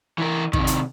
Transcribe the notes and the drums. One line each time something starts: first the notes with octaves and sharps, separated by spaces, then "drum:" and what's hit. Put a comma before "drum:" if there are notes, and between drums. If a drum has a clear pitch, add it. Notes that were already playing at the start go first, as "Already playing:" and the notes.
E3 A#4
C3 D#3, drum: kick
drum: hi-hat